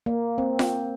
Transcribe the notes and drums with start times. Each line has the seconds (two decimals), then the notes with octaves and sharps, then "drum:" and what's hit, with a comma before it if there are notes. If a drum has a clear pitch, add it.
0.06 A#3
0.38 C4
0.59 drum: snare F4